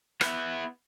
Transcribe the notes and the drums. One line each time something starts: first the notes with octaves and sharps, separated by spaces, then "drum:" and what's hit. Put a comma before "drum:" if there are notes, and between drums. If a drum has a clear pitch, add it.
B3 E4, drum: rim click